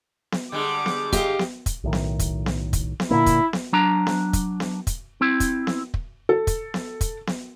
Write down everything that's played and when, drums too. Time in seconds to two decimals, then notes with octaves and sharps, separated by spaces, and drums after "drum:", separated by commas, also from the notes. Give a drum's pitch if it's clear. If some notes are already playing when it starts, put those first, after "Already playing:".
0.32 drum: snare B3
0.52 D3 G3 G#3 D6
0.86 drum: snare B3
1.13 G4 D#5 F5, drum: kick, hi-hat
1.39 drum: snare B3
1.66 drum: kick, hi-hat
1.84 B1 A2 D#3
1.93 drum: snare B3
2.19 drum: kick, hi-hat
2.46 drum: snare B3
2.73 drum: kick, hi-hat
3.00 drum: snare B3
3.11 A#2 D3 A#3 E4
3.26 drum: kick, hi-hat
3.53 drum: snare B3
3.73 F#3 D4 A#5
4.07 drum: snare B3
4.33 drum: kick, hi-hat
4.60 drum: snare B3
4.87 drum: kick, hi-hat
5.21 C4 E4
5.40 drum: kick, hi-hat
5.67 drum: snare B3
5.94 drum: kick
6.29 A4
6.47 drum: kick, hi-hat
6.74 drum: snare B3
7.01 drum: kick, hi-hat
7.27 drum: snare B3